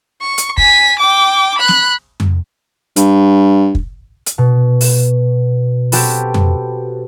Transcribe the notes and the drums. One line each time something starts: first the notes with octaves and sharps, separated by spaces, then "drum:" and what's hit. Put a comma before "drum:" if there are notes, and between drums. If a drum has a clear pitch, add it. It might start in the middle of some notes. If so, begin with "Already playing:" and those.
C#6
drum: hi-hat
G#5 B6, drum: kick
G5 D6
B5 F#6
drum: snare
drum: tom F2
G2, drum: hi-hat
drum: kick
drum: hi-hat
B2
drum: open hi-hat
C4 F#4 G4 A4 B4, drum: open hi-hat
drum: tom F2